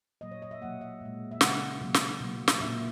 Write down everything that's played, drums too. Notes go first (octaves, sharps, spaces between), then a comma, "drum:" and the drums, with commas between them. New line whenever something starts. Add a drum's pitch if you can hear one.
A#2 F#3 A#3 D#5
C#5
D#5
E5
B2 F#3 A#3 F#5
E5
A#2 G#3
E5
C#3 G#3 F#5, drum: snare
B2 F#3 A#3
drum: snare
B2 F#3 A#3
drum: snare
A#2 A#3 E5